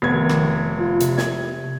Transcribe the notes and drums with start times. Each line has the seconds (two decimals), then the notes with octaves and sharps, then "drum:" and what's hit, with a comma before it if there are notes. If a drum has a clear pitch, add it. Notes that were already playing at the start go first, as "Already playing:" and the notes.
0.02 F1 D#3 B3 G#6
0.29 drum: rim click
0.80 F4
1.00 C3, drum: hi-hat
1.18 G#6, drum: snare